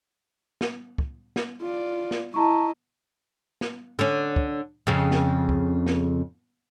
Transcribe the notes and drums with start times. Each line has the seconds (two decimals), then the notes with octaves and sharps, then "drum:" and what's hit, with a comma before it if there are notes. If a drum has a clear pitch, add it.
0.61 drum: snare
0.98 drum: kick
1.36 drum: snare
1.61 F4 D5
2.11 drum: snare
2.34 E4 D#5 A5 A#5 C#6
3.61 drum: snare
3.99 D3 C#4
4.36 drum: kick
4.87 F2 C#3
5.11 drum: snare
5.49 drum: kick
5.86 drum: snare